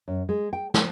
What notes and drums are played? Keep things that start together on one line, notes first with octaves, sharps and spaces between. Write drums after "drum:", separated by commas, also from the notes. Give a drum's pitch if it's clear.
F#2
G#3
G5
F3, drum: snare